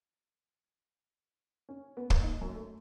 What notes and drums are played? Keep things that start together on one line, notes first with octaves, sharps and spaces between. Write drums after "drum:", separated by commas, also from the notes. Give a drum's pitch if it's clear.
C#4
B3
A#3, drum: kick
D#4
F#2
A3